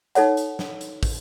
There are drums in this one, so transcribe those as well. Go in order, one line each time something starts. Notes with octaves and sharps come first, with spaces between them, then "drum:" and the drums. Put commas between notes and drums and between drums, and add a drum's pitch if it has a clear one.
D#4 A4 C#5 F#5, drum: hi-hat
drum: hi-hat
drum: snare
drum: hi-hat
drum: kick, open hi-hat